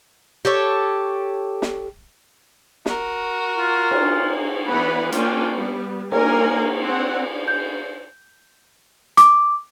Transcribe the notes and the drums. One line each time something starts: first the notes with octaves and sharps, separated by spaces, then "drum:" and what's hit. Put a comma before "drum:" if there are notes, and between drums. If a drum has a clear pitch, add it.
G4 A4 C#5
drum: snare
F#4 A#4, drum: snare
F4
drum: cymbal
E3 B3 B4 F#5 B5
A#3 C#4 D4 F4 G5 G#5, drum: hi-hat
G3 B3
A#3 A#4 G#5 A#5, drum: cymbal
C4 F#5
G6
D6, drum: hi-hat